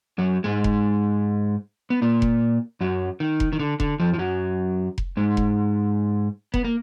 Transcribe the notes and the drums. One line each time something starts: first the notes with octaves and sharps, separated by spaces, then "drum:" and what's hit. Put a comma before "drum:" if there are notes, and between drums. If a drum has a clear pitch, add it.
F#2 F#3
G#2 G#3
drum: kick F1
B3
A#2 A#3
drum: kick F1
F#2 F#3
D#3
drum: kick F1
D#3
D3
D3, drum: kick F1
F2 F3
F3
F#2 F#3
drum: kick F1
G#2 G#3
drum: kick F1
B3, drum: kick F1
A#3